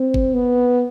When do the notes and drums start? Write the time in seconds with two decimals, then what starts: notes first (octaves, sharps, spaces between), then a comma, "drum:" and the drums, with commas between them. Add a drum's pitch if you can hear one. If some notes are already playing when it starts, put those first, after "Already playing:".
Already playing: C4
0.14 drum: kick G1
0.34 B3